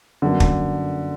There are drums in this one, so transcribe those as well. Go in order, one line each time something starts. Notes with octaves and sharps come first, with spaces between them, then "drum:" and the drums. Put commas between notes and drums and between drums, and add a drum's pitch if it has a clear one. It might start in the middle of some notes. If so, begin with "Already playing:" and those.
G1 F#2 D3 F#3 A#3
drum: kick